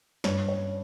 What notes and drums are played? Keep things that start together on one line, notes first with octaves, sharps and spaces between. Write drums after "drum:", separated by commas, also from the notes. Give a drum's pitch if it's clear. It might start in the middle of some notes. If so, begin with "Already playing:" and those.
G2 C#5, drum: snare
C#5